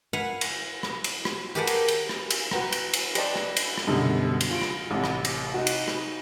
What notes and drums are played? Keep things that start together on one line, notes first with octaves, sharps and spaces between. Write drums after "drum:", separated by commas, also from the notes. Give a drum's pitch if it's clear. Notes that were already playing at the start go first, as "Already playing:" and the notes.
B4 F5 F#5 G#5
drum: cymbal
drum: rim click
drum: cymbal
drum: rim click
G4 G#4 A#4 B4 F#5 A5
drum: cymbal
drum: cymbal
drum: rim click
drum: cymbal
F#4 B4 F#5 G5 A#5, drum: rim click
drum: cymbal
drum: cymbal
G4 B4 C5 D5 D#5 A5, drum: cymbal
drum: rim click
drum: cymbal
drum: rim click
F#2 B2 D3 G3
drum: cymbal
F4 D7
drum: rim click
A1 C3
drum: rim click
drum: cymbal
D#4 F#4
drum: cymbal
drum: rim click